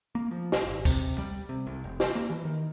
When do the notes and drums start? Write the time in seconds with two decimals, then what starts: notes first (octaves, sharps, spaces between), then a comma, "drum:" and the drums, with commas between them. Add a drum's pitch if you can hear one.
0.15 A#3
0.31 F3
0.52 A#1, drum: snare
0.67 G#1
0.85 C3, drum: kick, tambourine
1.18 G3
1.49 C3
1.67 C2
1.84 F1
2.00 drum: snare
2.15 A#3
2.30 E3
2.45 D#3